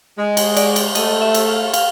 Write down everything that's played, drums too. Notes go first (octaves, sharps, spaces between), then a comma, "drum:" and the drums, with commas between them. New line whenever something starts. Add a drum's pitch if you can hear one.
G#3
drum: cymbal
D5, drum: cymbal
drum: cymbal
A3 D#5, drum: cymbal
E5
drum: cymbal
F5
F5, drum: cymbal